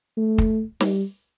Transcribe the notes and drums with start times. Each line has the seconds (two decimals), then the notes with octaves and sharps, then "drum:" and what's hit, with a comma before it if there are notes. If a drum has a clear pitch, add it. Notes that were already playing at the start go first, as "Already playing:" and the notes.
0.17 A3
0.38 drum: kick
0.80 G3, drum: snare